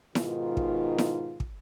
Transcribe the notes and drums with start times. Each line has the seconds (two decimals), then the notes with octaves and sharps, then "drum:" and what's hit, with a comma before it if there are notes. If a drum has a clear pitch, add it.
0.15 G#2 B2 D#3 F4, drum: snare E4
0.57 drum: kick
0.98 drum: snare E4
1.40 drum: kick